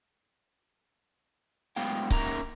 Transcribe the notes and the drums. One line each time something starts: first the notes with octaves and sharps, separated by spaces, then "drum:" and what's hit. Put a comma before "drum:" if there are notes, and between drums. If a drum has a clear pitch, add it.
A2 F#3 G#3 B3 F5 G5
A#3 C#4 D#4 A#4 E5 A#5, drum: kick C#1